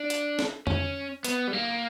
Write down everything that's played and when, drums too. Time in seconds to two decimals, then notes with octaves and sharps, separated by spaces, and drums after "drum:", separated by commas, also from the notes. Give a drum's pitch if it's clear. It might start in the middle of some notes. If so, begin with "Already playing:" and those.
Already playing: D4
0.10 drum: hi-hat
0.39 drum: snare
0.67 C#4, drum: tom F2
1.24 B3, drum: hi-hat
1.48 G3
1.53 A#3